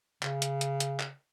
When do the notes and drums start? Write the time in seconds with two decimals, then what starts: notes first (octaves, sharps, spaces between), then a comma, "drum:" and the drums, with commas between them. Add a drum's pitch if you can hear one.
0.23 C#3, drum: clap
0.42 drum: hi-hat
0.61 drum: hi-hat
0.80 drum: hi-hat
1.00 drum: clap